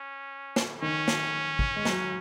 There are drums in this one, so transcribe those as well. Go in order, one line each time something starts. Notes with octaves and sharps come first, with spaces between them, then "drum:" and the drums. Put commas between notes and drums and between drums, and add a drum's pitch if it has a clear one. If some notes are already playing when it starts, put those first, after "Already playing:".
Already playing: C#4
drum: snare
D#3 C#4
drum: snare
drum: kick
G#3
F#3, drum: snare